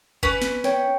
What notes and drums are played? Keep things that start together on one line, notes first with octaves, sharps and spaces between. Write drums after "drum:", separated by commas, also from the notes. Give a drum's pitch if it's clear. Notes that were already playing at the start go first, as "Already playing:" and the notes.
C#4 B4, drum: kick G1
drum: snare
C#5 G5, drum: snare